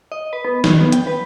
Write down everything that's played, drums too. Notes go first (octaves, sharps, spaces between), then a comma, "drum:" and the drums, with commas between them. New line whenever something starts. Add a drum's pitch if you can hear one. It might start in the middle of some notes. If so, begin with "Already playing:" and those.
D#5
B4
B3
D#3, drum: snare
B3
G5, drum: hi-hat
B4